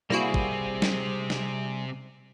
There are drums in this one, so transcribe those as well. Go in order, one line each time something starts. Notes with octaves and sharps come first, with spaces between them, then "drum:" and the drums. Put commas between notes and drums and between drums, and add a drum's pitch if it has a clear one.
C3 G3 A#3 C4 E4 F#4 G#4
drum: kick
drum: snare
drum: snare